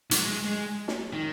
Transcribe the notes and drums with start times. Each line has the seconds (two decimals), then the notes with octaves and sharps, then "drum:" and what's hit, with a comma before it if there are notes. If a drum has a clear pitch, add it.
0.11 F#3, drum: hi-hat
0.19 G#3
0.45 G#3
0.88 drum: snare
1.13 D#3